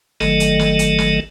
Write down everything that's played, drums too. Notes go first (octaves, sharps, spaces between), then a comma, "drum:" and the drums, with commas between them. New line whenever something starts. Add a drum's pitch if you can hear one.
G1 D#3 F#3 A3 A4 D#5, drum: snare
drum: hi-hat
drum: snare
drum: hi-hat
drum: snare